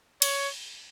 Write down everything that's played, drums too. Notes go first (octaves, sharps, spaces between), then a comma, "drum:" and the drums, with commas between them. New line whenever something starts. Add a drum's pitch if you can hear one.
C#5, drum: cymbal